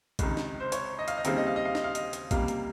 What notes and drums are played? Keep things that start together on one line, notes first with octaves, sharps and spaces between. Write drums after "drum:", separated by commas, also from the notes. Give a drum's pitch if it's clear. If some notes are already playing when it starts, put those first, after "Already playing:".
C#2 C3 D#3, drum: kick, hi-hat
drum: snare
C5
C#5, drum: hi-hat
D#5
F5, drum: hi-hat
D#5
D#2 C#3 G3 C4 D#4 F5, drum: hi-hat
D#5
F5
D#5
F5
D#5, drum: snare
F5
D#5, drum: hi-hat
drum: hi-hat
C#2 C3 G3 A#3 F5, drum: kick, hi-hat
drum: hi-hat